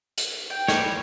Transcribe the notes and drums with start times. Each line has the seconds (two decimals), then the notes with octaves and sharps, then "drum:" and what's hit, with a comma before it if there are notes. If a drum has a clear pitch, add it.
0.18 drum: hi-hat
0.50 G5
0.68 G3 C#5, drum: snare